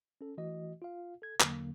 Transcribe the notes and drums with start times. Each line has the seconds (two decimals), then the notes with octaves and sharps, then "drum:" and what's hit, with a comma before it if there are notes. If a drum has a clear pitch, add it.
0.21 C#4 A4
0.38 E3 A3 F#4 D#5
0.82 F4 F5
1.22 A4 G#6
1.40 E2 D3 F#3 A#3, drum: clap